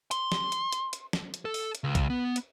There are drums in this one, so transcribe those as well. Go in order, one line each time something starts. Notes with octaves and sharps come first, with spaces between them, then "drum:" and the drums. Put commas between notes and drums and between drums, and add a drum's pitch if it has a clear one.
C6, drum: hi-hat
drum: snare
drum: hi-hat
drum: hi-hat
drum: hi-hat
drum: snare
drum: hi-hat
A4
drum: open hi-hat
drum: hi-hat
C#2
drum: kick C2, hi-hat
B3
drum: hi-hat